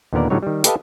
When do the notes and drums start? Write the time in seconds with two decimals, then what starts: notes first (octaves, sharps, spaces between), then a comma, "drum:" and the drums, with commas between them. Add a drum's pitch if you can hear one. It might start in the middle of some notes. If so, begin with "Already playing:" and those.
0.13 D#2 A#2 D3 B3 A#4 D5
0.30 A2 D3 F#3 G3 D#4 C#5
0.43 D#3 G3
0.64 G4 A4 B4 D#5 F5 A5, drum: hi-hat